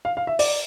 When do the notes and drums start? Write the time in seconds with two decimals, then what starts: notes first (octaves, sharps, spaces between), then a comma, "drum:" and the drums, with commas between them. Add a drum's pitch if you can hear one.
0.05 F5
0.17 F5
0.27 E5
0.39 D5, drum: open hi-hat